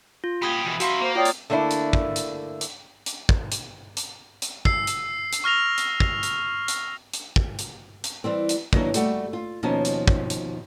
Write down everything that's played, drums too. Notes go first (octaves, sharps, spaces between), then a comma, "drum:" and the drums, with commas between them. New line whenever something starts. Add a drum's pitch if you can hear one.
F4
A#2 G4 B5 D#6 G#6
B2 E3
F#4 A#4 E5 F5 B5 C6, drum: hi-hat
A#3 C5
F4 C#5 D5 G5 D#6
drum: hi-hat
D3 A3 A#3 D4 E4
drum: hi-hat
drum: kick
drum: hi-hat
drum: hi-hat
drum: hi-hat
drum: kick
drum: hi-hat
drum: hi-hat
drum: hi-hat
E6 C7, drum: kick
drum: hi-hat
drum: hi-hat
C#6 F6 A#6 F7
drum: hi-hat
drum: kick
drum: hi-hat
drum: hi-hat
drum: hi-hat
drum: kick
drum: hi-hat
drum: hi-hat
E3 G3 C4
drum: hi-hat
D#3 E3 F#3 G3 A#3 D4, drum: kick
G3 A3 F#4 G4, drum: hi-hat
F4
D#2 B2 F3 C#4 D#4 A5
drum: hi-hat
drum: kick
drum: hi-hat